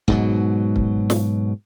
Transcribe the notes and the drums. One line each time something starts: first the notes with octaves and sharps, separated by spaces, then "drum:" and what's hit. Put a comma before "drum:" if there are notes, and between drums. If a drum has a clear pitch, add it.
G#2 B2 F#3, drum: kick C#1
drum: kick C#1
drum: snare